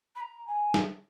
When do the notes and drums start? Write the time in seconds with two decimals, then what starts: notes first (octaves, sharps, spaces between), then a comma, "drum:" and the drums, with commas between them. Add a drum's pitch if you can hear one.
0.15 B5
0.20 A#5
0.47 G#5
0.74 drum: snare